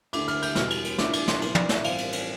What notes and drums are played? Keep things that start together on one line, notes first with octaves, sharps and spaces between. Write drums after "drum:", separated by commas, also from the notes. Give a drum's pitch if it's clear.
D2 D3 A3 E4 D6, drum: cymbal
F6, drum: cymbal
G6, drum: cymbal
E1 E2 B2 G3 F6, drum: snare
drum: cymbal
drum: cymbal
A2 E3 A3 D4 F4 D6, drum: snare
D6, drum: cymbal
C6, drum: snare
B1 A2 E3 B3 C6, drum: cymbal
D5, drum: tom
E5, drum: snare
A1 G2 F3 C4 F5, drum: cymbal
drum: cymbal
drum: cymbal